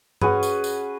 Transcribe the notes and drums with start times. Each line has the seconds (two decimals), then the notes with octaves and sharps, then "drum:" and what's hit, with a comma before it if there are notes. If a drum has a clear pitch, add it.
0.22 C#4 F#4 G#4 B4, drum: tom G2
0.43 drum: tambourine
0.64 drum: tambourine